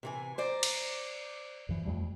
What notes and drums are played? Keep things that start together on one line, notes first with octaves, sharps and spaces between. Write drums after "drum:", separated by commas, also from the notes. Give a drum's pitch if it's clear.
C3 E3 G#5
C5 D5 A#5
drum: cymbal
F#2 E3
F2 G3 A3